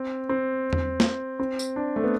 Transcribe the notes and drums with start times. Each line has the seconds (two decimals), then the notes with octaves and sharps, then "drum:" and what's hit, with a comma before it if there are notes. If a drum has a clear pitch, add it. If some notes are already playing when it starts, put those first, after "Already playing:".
Already playing: C4
0.29 C4
0.73 drum: tom E2
1.00 drum: snare
1.40 C4
1.59 drum: tambourine
1.76 D4
1.96 A3
2.04 B3